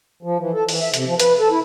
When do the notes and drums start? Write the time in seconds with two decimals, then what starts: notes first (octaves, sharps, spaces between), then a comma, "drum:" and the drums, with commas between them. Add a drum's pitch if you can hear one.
0.23 F3
0.39 E3
0.54 A4
0.69 E3, drum: open hi-hat
0.81 E5
0.94 C3, drum: hi-hat
1.06 F3
1.20 B4, drum: hi-hat
1.39 A4
1.51 E4